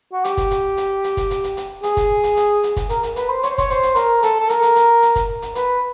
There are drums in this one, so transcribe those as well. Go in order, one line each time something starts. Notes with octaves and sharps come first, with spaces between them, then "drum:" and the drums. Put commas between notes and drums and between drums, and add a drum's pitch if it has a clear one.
F#4
G4, drum: hi-hat
drum: kick, hi-hat
drum: hi-hat
drum: hi-hat
drum: hi-hat
drum: kick, hi-hat
drum: hi-hat
drum: hi-hat
drum: hi-hat
G#4, drum: hi-hat
drum: kick, hi-hat
drum: hi-hat
drum: hi-hat
drum: hi-hat
drum: kick, hi-hat
A#4, drum: hi-hat
drum: hi-hat
B4, drum: hi-hat
C5
C#5, drum: hi-hat
C5
C#5, drum: kick, hi-hat
C5, drum: hi-hat
drum: hi-hat
A#4, drum: hi-hat
A4, drum: hi-hat
A4
A#4, drum: hi-hat
drum: hi-hat
drum: hi-hat
drum: hi-hat
drum: kick, hi-hat
drum: hi-hat
B4, drum: hi-hat